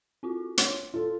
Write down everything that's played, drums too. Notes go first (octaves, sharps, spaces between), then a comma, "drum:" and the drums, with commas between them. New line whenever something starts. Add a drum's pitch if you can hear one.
C4 F4 F#4
C#5 C6, drum: hi-hat
F4 A4